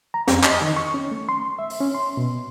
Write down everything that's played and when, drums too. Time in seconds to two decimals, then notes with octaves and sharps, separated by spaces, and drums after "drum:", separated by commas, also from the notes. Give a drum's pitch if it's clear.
0.14 A#5
0.28 F2, drum: snare
0.43 D#5, drum: clap
0.62 D#3
0.76 C#6
0.94 C#4
1.11 A3
1.29 C6
1.59 E5
1.70 drum: open hi-hat
1.80 C#4
1.95 C6
2.17 B2